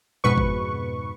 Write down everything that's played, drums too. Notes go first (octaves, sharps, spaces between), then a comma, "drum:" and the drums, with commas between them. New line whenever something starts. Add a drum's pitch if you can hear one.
F2 G#2 B2 B4 C#6
drum: kick